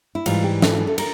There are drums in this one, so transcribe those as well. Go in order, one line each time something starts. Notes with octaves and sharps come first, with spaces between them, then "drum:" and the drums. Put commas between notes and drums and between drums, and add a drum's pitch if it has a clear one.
E4
G#2 E3 G3 F4, drum: cymbal
G4
A4, drum: snare
A4
A#4, drum: cymbal